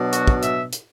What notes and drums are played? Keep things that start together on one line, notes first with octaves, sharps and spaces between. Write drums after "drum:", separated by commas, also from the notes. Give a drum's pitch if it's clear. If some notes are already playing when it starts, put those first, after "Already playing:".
Already playing: B2 F#3 D4
F#4, drum: hi-hat
drum: kick
E5, drum: hi-hat
drum: hi-hat